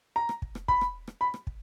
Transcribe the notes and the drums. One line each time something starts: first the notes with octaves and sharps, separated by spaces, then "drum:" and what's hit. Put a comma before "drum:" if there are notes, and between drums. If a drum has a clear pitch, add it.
A#5
drum: rim click
drum: kick
drum: rim click
B5, drum: kick
drum: rim click
drum: rim click
B5
drum: rim click
drum: kick